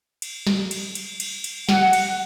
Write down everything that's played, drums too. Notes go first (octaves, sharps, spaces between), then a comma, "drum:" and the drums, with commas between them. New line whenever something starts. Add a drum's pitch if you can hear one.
drum: cymbal
drum: snare
drum: cymbal
drum: cymbal
drum: cymbal
drum: cymbal
F#5, drum: snare
drum: cymbal